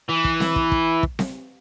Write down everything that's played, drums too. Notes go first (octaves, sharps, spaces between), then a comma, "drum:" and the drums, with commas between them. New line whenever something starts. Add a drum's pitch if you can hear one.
E3
drum: kick
drum: snare C4
drum: kick
drum: kick
drum: kick
drum: snare C4